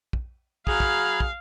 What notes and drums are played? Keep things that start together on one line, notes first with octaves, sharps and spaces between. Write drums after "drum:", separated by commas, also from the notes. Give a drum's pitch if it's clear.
drum: kick
F#3 G#4 F5 A#5 B5 G#6, drum: kick
drum: kick
drum: kick